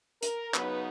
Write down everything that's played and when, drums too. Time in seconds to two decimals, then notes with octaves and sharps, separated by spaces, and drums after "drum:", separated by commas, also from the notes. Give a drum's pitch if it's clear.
0.23 A#4, drum: hi-hat
0.54 C#3 F#3 B3 D#4 B4, drum: clap